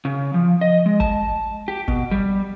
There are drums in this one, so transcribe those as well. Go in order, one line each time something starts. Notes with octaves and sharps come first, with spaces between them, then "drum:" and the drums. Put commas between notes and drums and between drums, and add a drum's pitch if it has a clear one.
C#3
F3
D#5
G#3
A5, drum: kick G1
G4
B2, drum: kick G1
G3